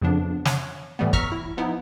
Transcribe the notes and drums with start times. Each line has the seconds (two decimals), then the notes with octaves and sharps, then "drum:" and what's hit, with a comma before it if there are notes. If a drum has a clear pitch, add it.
0.02 F2 C#3 F3 B3 D4
0.45 C#5, drum: snare
0.99 A2 E3 G3 A3 B3
1.13 A#5 C#6 E6 F6 B6, drum: kick
1.32 E4
1.57 F3 B3 D#4 E4